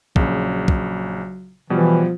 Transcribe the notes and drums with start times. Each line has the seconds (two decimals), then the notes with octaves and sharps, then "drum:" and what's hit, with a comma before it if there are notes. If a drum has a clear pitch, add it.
0.16 A#1 C#3 F#3, drum: kick
0.68 drum: kick
1.70 B2 E3 F3 G3